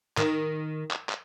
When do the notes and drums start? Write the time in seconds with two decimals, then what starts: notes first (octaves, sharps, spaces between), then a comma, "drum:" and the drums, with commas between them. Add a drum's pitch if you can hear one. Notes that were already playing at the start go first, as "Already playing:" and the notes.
0.18 D#3, drum: clap
0.91 drum: clap
1.09 drum: clap